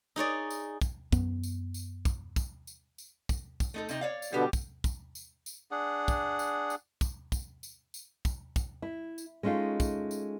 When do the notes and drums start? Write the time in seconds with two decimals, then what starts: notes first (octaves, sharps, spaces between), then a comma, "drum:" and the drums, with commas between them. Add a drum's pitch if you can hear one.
0.16 D#4 G#4 C#5 D5
0.50 drum: tambourine
0.81 drum: kick, tambourine
1.12 F#2 B3, drum: kick, tambourine
1.43 drum: tambourine
1.74 drum: tambourine
2.05 drum: kick, tambourine
2.36 drum: kick, tambourine
2.67 drum: tambourine
2.98 drum: tambourine
3.29 drum: kick, tambourine
3.60 drum: kick, tambourine
3.74 A3 D#4 A4
3.89 C3 D#4, drum: tambourine
4.01 C#5 D5 F5
4.22 drum: tambourine
4.33 B2 D3 G3 B3 G4
4.53 drum: kick, tambourine
4.84 drum: kick, tambourine
5.15 drum: tambourine
5.46 drum: tambourine
5.71 D4 G#4 F#5
6.08 drum: kick, tambourine
6.39 drum: tambourine
6.70 drum: tambourine
7.01 drum: kick, tambourine
7.32 drum: kick, tambourine
7.63 drum: tambourine
7.94 drum: tambourine
8.25 drum: kick, tambourine
8.56 drum: kick, tambourine
8.82 E4
9.18 drum: tambourine
9.43 G#3 A3 C#4 D#4 F4
9.80 drum: kick, tambourine
10.11 drum: tambourine